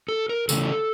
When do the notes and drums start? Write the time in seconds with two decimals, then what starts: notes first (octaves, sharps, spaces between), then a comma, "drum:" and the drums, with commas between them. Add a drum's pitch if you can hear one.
0.08 A4
0.29 A#4
0.49 C#3 E3 A3 C#4 A4, drum: tambourine